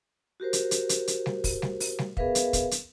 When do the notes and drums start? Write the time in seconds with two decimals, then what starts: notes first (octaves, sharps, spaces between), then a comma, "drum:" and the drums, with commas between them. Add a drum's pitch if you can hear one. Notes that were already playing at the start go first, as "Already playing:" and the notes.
0.40 F#4 G4 A#4 C5
0.53 drum: hi-hat
0.71 drum: hi-hat
0.89 drum: hi-hat
1.08 drum: hi-hat
1.26 drum: snare G3
1.44 drum: kick, open hi-hat
1.62 drum: snare G3
1.80 drum: open hi-hat
1.99 drum: snare G3
2.17 B3 G#4 A#4 B4 E5 F5, drum: kick
2.35 drum: hi-hat
2.53 drum: kick, hi-hat
2.71 drum: hi-hat